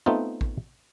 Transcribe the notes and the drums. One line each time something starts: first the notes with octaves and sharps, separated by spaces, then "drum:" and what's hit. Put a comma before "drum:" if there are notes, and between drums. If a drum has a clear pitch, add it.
A3 B3 C4 D#4 F4
drum: kick A1